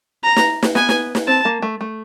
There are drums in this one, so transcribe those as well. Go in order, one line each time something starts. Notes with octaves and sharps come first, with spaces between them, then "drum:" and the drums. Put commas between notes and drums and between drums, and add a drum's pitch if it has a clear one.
A#5
drum: snare
drum: snare
B3 G#5, drum: snare
drum: snare
drum: snare
C4 A5
A#3
A3
A3